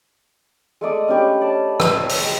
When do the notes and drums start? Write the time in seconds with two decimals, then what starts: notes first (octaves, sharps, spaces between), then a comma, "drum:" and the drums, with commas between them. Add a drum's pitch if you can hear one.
0.81 G#3 A3 D5 D#6
1.08 C#4 D4 G4 B4
1.41 D5 A5
1.80 drum: rim click
2.00 C#5
2.09 drum: open hi-hat
2.21 G#3 G5